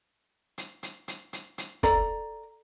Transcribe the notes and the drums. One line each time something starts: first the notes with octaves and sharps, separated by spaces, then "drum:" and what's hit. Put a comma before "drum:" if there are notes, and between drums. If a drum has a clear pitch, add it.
drum: hi-hat
drum: hi-hat
drum: hi-hat
drum: hi-hat
drum: hi-hat
A4 D5 A#5, drum: kick, hi-hat